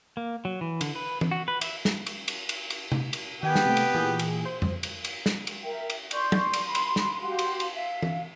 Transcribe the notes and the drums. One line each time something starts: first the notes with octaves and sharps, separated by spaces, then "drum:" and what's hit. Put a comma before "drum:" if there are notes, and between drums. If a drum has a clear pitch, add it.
A#3
F#3
E3
D3, drum: cymbal
B4
drum: tom
F#4
B4
E5, drum: cymbal
drum: snare
drum: cymbal
drum: cymbal
drum: cymbal
drum: cymbal
drum: tom
drum: cymbal
D#3 B3 G4 G5 G#5
drum: snare
C3 A3
drum: cymbal
A#2 E3 G#4
drum: cymbal
C5
drum: tom F2
drum: cymbal
drum: cymbal
drum: snare
drum: cymbal
A#4 E5 G5
drum: cymbal
D5 C6 C#6 G6, drum: cymbal
drum: tom
drum: cymbal
B5 C6
drum: cymbal
drum: snare
F#4 G4 F5 C6
drum: cymbal
drum: cymbal
E5 F5
drum: tom